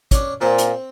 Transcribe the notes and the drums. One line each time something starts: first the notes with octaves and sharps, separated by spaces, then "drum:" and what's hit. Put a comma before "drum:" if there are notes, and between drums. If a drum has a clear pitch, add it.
C#4 D4, drum: kick, hi-hat
A#2 C4
drum: hi-hat